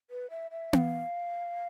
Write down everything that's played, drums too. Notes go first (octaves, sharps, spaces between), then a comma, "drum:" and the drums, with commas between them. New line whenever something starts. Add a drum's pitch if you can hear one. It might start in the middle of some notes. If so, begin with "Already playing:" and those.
B4
E5
E5
F5, drum: tom B3